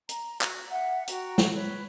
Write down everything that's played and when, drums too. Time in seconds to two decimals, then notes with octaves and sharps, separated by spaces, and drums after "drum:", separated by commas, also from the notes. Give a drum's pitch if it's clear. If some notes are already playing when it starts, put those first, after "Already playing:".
0.09 A#5, drum: hi-hat
0.41 F#4, drum: clap
0.70 E5 F#5
1.07 F#4 G5 A#5, drum: hi-hat
1.38 drum: snare
1.55 B4 C#5